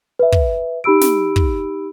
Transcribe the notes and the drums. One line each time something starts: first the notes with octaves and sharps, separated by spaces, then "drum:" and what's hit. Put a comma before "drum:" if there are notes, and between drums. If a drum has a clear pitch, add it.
B4 E5
drum: kick
D#4 G4 B5 E6 D7
drum: snare
drum: kick